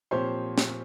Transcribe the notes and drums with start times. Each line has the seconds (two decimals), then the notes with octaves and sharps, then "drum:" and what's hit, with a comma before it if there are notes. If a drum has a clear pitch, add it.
0.11 A#2 F3 C4 G4 C5 C#5 C6
0.58 drum: snare